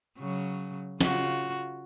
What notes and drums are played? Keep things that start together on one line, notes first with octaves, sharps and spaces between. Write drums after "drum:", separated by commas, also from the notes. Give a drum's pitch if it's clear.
C#3 F#3
C#3 F4 F#4, drum: snare